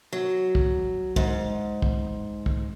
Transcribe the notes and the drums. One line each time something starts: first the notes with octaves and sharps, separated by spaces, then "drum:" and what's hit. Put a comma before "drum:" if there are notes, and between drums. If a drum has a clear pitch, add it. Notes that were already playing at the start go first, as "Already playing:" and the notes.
F#3
drum: kick
G#2, drum: kick
drum: kick
drum: kick